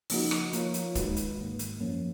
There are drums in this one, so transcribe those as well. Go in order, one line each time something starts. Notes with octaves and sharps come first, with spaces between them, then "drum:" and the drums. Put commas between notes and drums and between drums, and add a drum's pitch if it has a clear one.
C#3 F3 A#3 D#4 F#4, drum: open hi-hat
drum: rim click
F3 A#3 F4 A#4 C#5, drum: hi-hat
drum: hi-hat
D#3 G#3 D#4 F#4 B4, drum: kick, hi-hat
drum: hi-hat
G#2 D#3 A#3
drum: hi-hat
F#2 F3 A#3 C#4